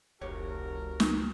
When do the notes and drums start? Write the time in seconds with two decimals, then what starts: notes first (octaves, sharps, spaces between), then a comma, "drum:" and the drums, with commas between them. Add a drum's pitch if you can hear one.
0.21 F1 C#2 F#4 G4 A4 A#4 C#5
1.00 drum: snare